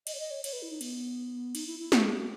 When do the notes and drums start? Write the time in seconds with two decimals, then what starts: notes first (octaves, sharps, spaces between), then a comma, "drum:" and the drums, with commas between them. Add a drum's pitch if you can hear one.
0.07 D#5, drum: cymbal
0.15 C#5
0.20 D#5
0.31 C#5
0.44 C#5, drum: cymbal
0.53 B4
0.62 E4
0.71 D#4
0.81 B3, drum: cymbal
1.55 D#4, drum: cymbal
1.67 E4
1.79 E4
1.92 F#4, drum: snare
2.04 G#4
2.16 F#4